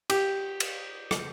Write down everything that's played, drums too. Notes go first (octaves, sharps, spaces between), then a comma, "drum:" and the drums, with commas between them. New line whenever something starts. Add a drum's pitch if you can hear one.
G4, drum: cymbal
drum: cymbal
drum: rim click